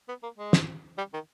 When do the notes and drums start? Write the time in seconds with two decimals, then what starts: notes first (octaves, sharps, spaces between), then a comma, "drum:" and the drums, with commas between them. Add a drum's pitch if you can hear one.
0.08 B3
0.23 A#3
0.38 G#3
0.53 drum: snare
0.98 G3
1.13 D#3